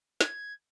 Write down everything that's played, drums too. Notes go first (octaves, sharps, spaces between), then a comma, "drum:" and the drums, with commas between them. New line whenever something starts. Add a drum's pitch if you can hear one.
G#6, drum: snare